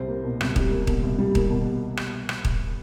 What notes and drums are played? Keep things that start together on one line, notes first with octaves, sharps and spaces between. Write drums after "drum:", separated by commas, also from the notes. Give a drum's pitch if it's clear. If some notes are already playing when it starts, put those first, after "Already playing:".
Already playing: C2 G3 C5
A#3
B2
C2, drum: rim click
G3, drum: kick D#1
A#3
B2, drum: kick D#1
C2
G3
A#3, drum: kick D#1
B2
drum: rim click
drum: rim click
drum: kick D#1